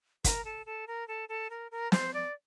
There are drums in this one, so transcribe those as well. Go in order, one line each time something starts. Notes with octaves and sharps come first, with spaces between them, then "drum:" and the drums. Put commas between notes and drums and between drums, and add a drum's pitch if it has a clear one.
A#4, drum: kick, hi-hat
A4
A4
A#4
A4
A4
A#4
A#4
C5, drum: snare
D5